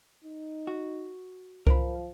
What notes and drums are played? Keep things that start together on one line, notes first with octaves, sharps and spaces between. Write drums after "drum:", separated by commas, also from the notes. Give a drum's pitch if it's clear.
D#4
F#4
F3 A#4 C5 B5, drum: kick C2